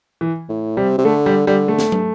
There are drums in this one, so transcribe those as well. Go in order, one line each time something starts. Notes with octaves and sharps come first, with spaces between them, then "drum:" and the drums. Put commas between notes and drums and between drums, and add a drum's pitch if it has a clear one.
E3
A2
C3 G3
C3
D3 A3
G3
D3 G3
A3
drum: snare
drum: tom